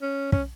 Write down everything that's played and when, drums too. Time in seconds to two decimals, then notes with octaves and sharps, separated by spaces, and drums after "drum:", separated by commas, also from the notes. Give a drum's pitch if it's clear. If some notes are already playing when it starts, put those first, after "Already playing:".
0.02 C#4
0.32 C#4, drum: kick